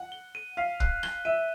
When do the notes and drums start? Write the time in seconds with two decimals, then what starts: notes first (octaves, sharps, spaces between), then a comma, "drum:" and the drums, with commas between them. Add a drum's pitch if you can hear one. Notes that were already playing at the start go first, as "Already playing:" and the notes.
Already playing: F#5
0.12 G7
0.35 D#7
0.57 F5 B6
0.80 F#6, drum: kick
1.03 G7, drum: rim click
1.25 E5 D#7